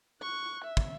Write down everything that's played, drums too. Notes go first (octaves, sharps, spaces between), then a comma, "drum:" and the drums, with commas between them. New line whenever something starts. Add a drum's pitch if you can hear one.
C#6 F#6
E5
drum: kick